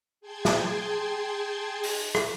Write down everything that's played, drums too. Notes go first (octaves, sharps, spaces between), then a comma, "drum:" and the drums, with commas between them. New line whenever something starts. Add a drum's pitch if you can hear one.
G#4 G5 A5 C6 G#6
drum: snare
drum: open hi-hat
drum: rim click